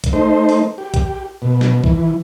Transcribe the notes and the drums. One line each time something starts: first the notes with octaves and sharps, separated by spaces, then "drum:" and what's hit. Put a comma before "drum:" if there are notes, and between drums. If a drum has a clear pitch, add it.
drum: kick, hi-hat
A3 D#4 C5
drum: open hi-hat
G4
drum: kick, hi-hat
B2
drum: snare
E3, drum: kick